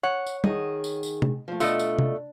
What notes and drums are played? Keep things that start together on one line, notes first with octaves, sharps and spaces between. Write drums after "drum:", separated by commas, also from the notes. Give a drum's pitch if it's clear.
C#5 F#5
drum: tambourine
D#3 G#4 D#5, drum: tom
drum: tambourine
drum: tambourine
drum: tom
F3 A3
B2 A3 D4 F4 D#5, drum: tambourine
drum: tambourine
drum: tom